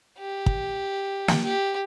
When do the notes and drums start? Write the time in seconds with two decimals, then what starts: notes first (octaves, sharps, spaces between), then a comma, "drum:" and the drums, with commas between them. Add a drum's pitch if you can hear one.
0.19 G4
0.46 drum: kick
1.28 drum: snare
1.44 G4